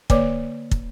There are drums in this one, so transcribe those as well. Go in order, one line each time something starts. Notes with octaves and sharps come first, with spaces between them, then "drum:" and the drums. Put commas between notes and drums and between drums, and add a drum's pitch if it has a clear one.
D3 A#3 B4 C#5 D5 D6, drum: kick
drum: kick